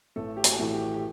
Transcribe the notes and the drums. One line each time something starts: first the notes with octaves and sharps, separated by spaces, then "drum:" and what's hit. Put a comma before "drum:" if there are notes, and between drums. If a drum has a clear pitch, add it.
A1 A3 A4
G4
F#4, drum: hi-hat
A2 E3 A3
G4
G4